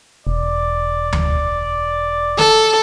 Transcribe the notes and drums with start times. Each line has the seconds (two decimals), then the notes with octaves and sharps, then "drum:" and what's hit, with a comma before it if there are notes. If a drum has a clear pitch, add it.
0.27 E1 D5
1.13 drum: tom D2
2.38 A4, drum: snare